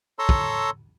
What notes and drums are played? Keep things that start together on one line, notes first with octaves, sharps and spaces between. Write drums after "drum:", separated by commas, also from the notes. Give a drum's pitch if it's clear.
A4 C#5 A#5 C6 E6
drum: kick